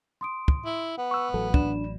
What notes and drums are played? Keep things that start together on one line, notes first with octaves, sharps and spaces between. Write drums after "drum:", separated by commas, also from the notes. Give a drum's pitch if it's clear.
C6 D#6 D7
drum: kick
E4
B3 F#5
C#6 E6
A1 F#3 A4
D4 D5 B5 E7, drum: kick